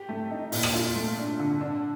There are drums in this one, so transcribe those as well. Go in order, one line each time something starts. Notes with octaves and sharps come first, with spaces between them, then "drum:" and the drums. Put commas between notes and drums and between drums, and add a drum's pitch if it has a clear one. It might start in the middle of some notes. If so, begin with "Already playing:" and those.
Already playing: G4
A3
D#4
A#2, drum: open hi-hat
drum: rim click
F4
A3
D4
D3
D4